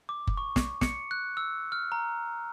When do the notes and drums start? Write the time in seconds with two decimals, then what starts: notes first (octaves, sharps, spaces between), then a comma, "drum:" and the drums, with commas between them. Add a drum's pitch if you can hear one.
0.09 D6
0.27 drum: kick F#1
0.37 C#6
0.56 drum: snare
0.81 C#7, drum: snare
1.11 F#6
1.37 E6
1.72 F6
1.92 A#5